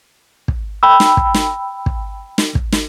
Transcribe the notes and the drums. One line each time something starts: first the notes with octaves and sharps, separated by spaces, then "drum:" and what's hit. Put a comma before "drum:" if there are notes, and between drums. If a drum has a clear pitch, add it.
drum: kick
G5 B5 E6
drum: snare
drum: kick
drum: snare
drum: kick
drum: snare
drum: kick
drum: snare